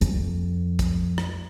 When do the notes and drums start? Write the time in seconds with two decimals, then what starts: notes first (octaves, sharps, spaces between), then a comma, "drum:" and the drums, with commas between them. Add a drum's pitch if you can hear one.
0.01 F2, drum: hi-hat
0.79 drum: kick A#1, hi-hat
1.18 drum: rim click